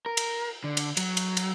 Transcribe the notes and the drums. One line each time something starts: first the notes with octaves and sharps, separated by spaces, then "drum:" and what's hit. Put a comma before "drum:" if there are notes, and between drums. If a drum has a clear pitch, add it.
A#4
drum: cymbal
D3
drum: cymbal
F#3, drum: cymbal
drum: cymbal
drum: cymbal